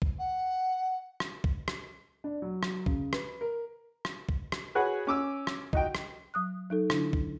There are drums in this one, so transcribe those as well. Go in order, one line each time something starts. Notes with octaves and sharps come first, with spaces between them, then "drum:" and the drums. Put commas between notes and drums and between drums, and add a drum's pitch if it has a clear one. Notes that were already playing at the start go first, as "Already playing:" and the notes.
drum: kick
F#5
drum: rim click
drum: kick
drum: rim click
D4
F#3
drum: rim click
C#3, drum: kick
B4, drum: rim click
A#4
drum: rim click
drum: kick
drum: rim click
F#4 G#4 B4 C#5 F#5
C#4 D6 E6
drum: rim click
D#4 F#4 G5, drum: kick
drum: rim click
F#3 D#6 F#6
F#3 D#4 A4
D3 D4 E4, drum: rim click
drum: kick